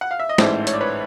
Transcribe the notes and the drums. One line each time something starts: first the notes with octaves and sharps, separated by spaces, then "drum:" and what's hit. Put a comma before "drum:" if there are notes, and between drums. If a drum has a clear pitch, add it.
F#5
F5
E5
D#5
A1 G#2 E3 A3 C5 D5, drum: snare
C#5, drum: hi-hat
D5
B4 C#5